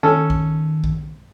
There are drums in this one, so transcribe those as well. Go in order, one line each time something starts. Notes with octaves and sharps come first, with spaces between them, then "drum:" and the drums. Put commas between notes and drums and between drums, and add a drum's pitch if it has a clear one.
D#3 C#4 A4
drum: kick A#1
drum: kick A#1